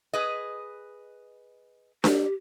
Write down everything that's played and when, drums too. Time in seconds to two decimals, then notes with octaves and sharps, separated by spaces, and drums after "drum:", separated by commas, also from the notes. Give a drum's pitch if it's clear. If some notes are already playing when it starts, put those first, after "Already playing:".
0.13 G#4 B4 D#5
2.04 G4, drum: snare D4